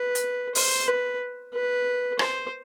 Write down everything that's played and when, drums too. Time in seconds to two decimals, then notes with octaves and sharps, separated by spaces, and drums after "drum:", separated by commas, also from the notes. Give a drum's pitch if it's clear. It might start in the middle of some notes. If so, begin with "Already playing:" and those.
Already playing: B4
0.15 drum: hi-hat
0.55 C5, drum: open hi-hat
0.87 B4
1.54 B4
2.19 C5, drum: rim click